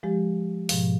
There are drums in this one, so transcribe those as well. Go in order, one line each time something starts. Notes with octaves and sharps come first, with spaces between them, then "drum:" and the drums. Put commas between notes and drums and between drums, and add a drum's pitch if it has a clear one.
F3 G#3 G4
G#2 B2 F3, drum: open hi-hat